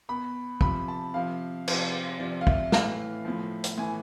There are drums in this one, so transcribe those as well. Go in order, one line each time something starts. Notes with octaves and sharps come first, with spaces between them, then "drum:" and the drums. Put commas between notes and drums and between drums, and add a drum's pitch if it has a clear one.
B2 B5
C3 F3 B5, drum: kick
A5
C3 F3 F5
C3 F3, drum: cymbal
C3 F3 D5
F5
E5, drum: kick
A2 E3 F5, drum: snare
A2 F3
drum: hi-hat
A2 E3 G#5